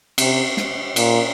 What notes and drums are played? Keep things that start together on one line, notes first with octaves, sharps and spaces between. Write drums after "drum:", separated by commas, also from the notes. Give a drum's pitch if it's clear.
C3, drum: cymbal
drum: snare
A#2, drum: cymbal